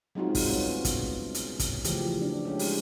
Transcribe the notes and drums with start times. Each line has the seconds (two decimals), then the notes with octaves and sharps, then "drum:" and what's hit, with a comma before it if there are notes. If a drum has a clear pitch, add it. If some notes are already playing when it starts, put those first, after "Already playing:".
0.15 F#3 G#3 C4 D#4 F4 F#4
0.35 drum: kick, open hi-hat
0.48 G3 B3 C#4
0.85 drum: kick, hi-hat
1.34 drum: hi-hat
1.59 drum: kick, hi-hat
1.84 C#3 E3 F3 A3 G4, drum: hi-hat
2.21 D4
2.45 G#3 C#4 G4
2.59 drum: open hi-hat